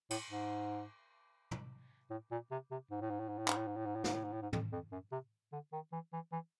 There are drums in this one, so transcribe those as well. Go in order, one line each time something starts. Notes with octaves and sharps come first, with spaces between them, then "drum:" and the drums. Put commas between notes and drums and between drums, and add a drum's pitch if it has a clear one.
A2, drum: cymbal
G#2
drum: tom
A2
A#2
C3
C3
G#2
A2
G#2
A2
G#2
A2
G#2, drum: clap
A2
G#2
A2
G#2
A2
G#2, drum: snare
A2
G#2
A2
G#2
F2, drum: tom
F2
F#2
C3
D3
D#3
E3
E3
E3